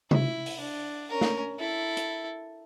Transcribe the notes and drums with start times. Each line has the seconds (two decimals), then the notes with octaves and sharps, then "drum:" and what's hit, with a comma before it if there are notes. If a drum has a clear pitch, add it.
0.11 E4, drum: tom C3
0.46 drum: open hi-hat
0.60 D4
1.09 C#4 A#4
1.21 drum: snare
1.59 E4 A4
1.97 drum: hi-hat